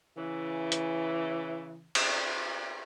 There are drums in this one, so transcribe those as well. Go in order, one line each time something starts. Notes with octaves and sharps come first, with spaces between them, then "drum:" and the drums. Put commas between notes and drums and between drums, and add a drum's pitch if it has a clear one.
C#3 E3
drum: hi-hat
drum: cymbal